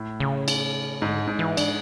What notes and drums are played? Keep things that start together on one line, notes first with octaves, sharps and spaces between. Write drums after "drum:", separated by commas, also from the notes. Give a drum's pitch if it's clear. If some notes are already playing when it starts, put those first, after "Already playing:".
Already playing: A2
C#3
drum: cymbal
G#2 D3
G#2
E3
D4, drum: cymbal